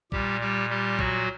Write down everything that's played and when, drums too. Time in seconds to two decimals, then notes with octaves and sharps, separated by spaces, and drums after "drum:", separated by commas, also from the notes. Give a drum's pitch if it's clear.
0.12 A#2 G3 G4, drum: kick
0.41 G3 G4
0.70 G3 G4
0.99 F#3 F#4, drum: kick